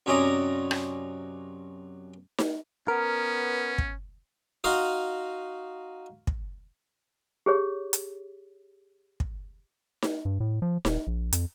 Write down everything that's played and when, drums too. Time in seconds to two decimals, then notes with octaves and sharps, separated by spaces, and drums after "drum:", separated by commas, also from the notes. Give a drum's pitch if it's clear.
0.06 F#2 C3 C#4 D5 D#5 A#5
0.71 drum: rim click
2.38 drum: snare D#4
2.88 B3 C#4 A#4
3.78 drum: kick
4.64 D#4 F#4 F5 C6
6.27 drum: kick
7.46 G4 G#4 C#5
7.93 drum: hi-hat
9.20 drum: kick
10.02 drum: snare D#4
10.25 G2
10.40 A2
10.62 F3
10.85 D#1, drum: snare D#4
11.07 A#1
11.32 F2, drum: hi-hat